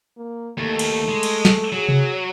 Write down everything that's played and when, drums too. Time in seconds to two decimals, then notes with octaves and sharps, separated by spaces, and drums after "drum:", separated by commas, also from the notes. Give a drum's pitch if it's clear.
0.17 A#3
0.57 D#2 A3
0.79 drum: cymbal
1.09 G#3
1.23 drum: cymbal
1.45 drum: snare
1.72 F#3 G#4
1.89 drum: tom C3